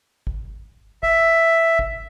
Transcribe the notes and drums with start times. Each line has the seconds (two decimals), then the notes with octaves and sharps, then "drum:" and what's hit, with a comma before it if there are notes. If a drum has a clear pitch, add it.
0.27 drum: kick G#1
1.03 E5, drum: kick G#1
1.79 drum: kick G#1